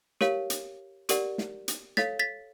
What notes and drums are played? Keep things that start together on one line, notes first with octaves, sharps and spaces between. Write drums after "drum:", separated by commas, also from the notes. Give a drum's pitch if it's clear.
G4 A#4 C#5 F5, drum: snare
drum: hi-hat
G4 A#4 D5 F#5, drum: hi-hat
drum: snare
drum: hi-hat
A4 C#5 F5 A6 B6, drum: snare
A6 B6